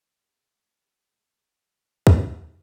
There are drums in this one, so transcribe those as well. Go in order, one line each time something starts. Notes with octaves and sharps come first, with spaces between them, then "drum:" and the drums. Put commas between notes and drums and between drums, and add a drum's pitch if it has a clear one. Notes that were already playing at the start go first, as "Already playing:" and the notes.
G4
E2 F#4 G#4
C#3 F#3 A3
E2 G4 A4
C#3 F#3 A3 G#4 A#4
G#4 A#4
drum: kick